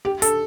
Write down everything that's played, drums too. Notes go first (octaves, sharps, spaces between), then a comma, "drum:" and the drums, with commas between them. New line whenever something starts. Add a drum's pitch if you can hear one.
G4
A4, drum: hi-hat